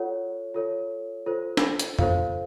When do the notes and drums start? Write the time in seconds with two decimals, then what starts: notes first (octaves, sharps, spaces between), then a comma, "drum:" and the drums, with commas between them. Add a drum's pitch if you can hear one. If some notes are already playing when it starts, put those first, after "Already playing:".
Already playing: F4 A4 C#5 F#5
0.54 F4 A4 C#5
1.26 F4 A4 C5
1.57 drum: snare
1.79 drum: hi-hat
1.99 F4 A4 C5 F5, drum: tom F2